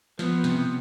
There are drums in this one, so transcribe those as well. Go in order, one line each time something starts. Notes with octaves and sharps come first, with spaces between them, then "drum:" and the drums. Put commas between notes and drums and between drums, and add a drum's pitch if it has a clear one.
F3 B3, drum: snare
C3, drum: snare